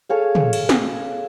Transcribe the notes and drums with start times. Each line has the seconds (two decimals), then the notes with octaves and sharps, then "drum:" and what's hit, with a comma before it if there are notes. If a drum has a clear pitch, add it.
0.09 G#4 A4 C#5 F5
0.35 drum: tom
0.53 drum: cymbal
0.69 drum: snare